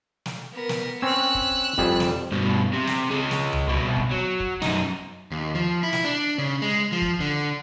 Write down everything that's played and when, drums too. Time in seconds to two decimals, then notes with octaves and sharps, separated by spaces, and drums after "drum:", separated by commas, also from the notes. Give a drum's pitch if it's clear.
0.26 drum: snare
0.52 B3 A#4
0.69 drum: snare
1.02 C4 C#4 C#5 E6 F#6
1.35 drum: kick
1.78 F2 G3 G#4, drum: kick
2.00 drum: snare
2.32 G2 B2
2.73 C3
2.87 drum: snare
3.11 C#3 G#3
3.31 drum: snare
3.53 drum: tom C#2
3.68 C2 B2
3.96 drum: kick
4.11 F#3
4.40 drum: kick
4.62 F#2 D#4, drum: snare
5.31 D#2
5.55 F3
5.83 E4
5.93 drum: snare
6.05 D4
6.38 C#3
6.62 G#3
6.92 F3
7.02 drum: kick
7.20 D3